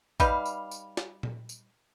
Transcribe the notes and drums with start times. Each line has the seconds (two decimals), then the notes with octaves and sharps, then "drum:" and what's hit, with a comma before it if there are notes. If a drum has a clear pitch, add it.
0.20 G3 D#4 B4 F5, drum: kick A1, tambourine
0.46 drum: tambourine
0.71 drum: tambourine
0.97 drum: snare
1.23 drum: tom A#2
1.49 drum: tambourine